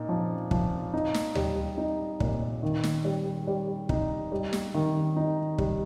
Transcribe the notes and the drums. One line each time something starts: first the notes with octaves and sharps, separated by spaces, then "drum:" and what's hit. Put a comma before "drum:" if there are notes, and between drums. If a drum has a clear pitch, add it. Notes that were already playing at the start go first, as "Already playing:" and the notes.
Already playing: A#2 D#4
F3
F3, drum: kick
D#4
drum: snare
G3, drum: tom D2
D#4
A#2, drum: kick
D#3
drum: snare
G3
G3
D#4, drum: kick
G3
drum: snare
D#3
D#4
G3, drum: kick